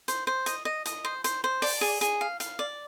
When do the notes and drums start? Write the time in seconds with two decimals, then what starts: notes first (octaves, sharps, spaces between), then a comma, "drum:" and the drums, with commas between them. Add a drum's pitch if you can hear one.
0.08 C5, drum: hi-hat
0.27 C5
0.46 D#5, drum: hi-hat
0.65 D#5
0.86 D#5, drum: hi-hat
1.05 C5
1.24 C5, drum: hi-hat
1.44 C5
1.62 D5, drum: open hi-hat
1.81 G#4
2.01 G#4, drum: hi-hat
2.21 F5
2.40 F5, drum: hi-hat
2.59 D5